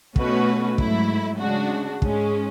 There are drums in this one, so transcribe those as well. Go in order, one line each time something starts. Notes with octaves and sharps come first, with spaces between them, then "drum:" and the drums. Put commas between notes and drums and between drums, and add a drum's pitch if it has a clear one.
B2 A3 C#4 F#4 B4, drum: kick
G#2 F#3 A3 E4, drum: kick
C#3 G#3 D4 F#4
G#2 G#3 C#4, drum: kick